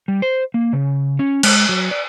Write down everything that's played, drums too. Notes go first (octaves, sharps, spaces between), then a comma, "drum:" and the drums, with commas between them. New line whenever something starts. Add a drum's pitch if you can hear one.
G3
C5
A#3
C#3
C#4
G#3, drum: cymbal
F#3
D5